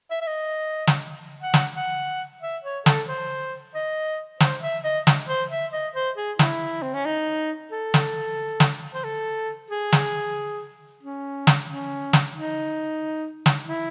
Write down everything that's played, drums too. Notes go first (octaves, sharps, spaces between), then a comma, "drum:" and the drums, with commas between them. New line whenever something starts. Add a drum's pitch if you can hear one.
E5
E5
D#5
drum: snare
F#5
drum: snare
F#5
E5
C#5
A4, drum: snare
C5
D#5
C5, drum: snare
E5
D#5
drum: snare
C5
E5
D#5
C5
G#4
E4, drum: snare
C4
C#4
D#4
A4
drum: snare
drum: snare
C5
A4
G#4
drum: snare
C#4
drum: snare
C#4
drum: snare
D#4
drum: snare
E4